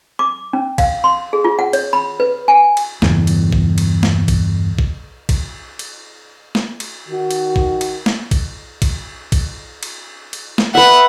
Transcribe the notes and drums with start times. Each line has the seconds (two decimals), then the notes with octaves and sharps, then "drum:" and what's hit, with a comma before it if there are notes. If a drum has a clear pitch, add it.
0.19 D6
0.53 C#4
0.78 F5, drum: kick, cymbal
1.04 C6
1.33 G#4
1.44 F4
1.59 F#5
1.73 C#5, drum: cymbal
1.93 B5
2.20 B4
2.48 G#5
2.77 drum: cymbal
3.02 E2 G2 C#3, drum: snare
3.27 drum: cymbal
3.53 drum: kick
3.78 drum: cymbal
4.03 drum: snare
4.28 drum: kick, cymbal
4.79 drum: kick
5.29 drum: kick, cymbal
5.79 drum: cymbal
6.55 drum: snare
6.80 drum: cymbal
7.09 D#3 F#4
7.31 drum: cymbal
7.56 drum: kick
7.81 drum: cymbal
8.06 drum: snare
8.31 drum: kick, cymbal
8.82 drum: kick, cymbal
9.32 drum: kick, cymbal
9.83 drum: cymbal
10.33 drum: cymbal
10.58 drum: snare
10.75 B4 E5 F#5